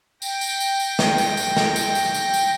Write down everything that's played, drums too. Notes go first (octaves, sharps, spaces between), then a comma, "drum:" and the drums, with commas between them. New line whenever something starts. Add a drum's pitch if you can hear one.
G5 A#6, drum: tambourine
drum: tambourine
drum: tambourine
drum: tambourine
drum: snare
drum: tambourine
drum: tambourine
drum: snare
drum: tambourine
drum: tambourine
drum: tambourine
drum: tambourine